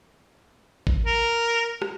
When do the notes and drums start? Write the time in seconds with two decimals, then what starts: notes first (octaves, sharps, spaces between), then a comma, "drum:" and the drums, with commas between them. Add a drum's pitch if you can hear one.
0.87 drum: kick G#1
1.06 A#4
1.82 drum: rim click